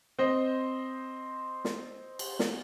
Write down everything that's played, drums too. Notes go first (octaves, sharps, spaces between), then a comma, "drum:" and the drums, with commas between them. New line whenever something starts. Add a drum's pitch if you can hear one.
C4 C5 D#5
drum: snare
drum: cymbal
drum: snare